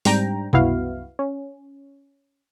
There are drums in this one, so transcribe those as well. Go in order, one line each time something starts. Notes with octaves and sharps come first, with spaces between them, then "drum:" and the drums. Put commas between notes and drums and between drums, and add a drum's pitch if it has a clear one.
G#2 G3 C4 D4 G5 A#5, drum: open hi-hat
C2 F#2 B3 E4 F#4 F5, drum: tom B2
C#4